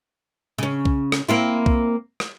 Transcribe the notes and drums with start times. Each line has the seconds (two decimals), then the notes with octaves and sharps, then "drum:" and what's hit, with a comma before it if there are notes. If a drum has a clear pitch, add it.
0.58 C#3 C#4
0.85 drum: kick
1.12 drum: rim click
1.29 A#3 C4 E4
1.66 drum: kick
2.20 drum: rim click